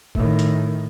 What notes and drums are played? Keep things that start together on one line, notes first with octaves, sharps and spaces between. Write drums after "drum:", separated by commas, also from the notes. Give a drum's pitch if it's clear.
A2 D#3, drum: kick
drum: hi-hat